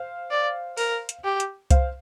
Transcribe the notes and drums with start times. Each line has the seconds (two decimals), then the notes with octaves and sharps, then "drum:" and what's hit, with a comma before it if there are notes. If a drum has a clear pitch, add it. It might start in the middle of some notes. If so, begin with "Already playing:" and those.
Already playing: C5 F5
0.31 D5
0.77 A#4, drum: open hi-hat
1.09 drum: hi-hat
1.24 G4
1.40 drum: hi-hat
1.71 C5 F5, drum: kick C2, hi-hat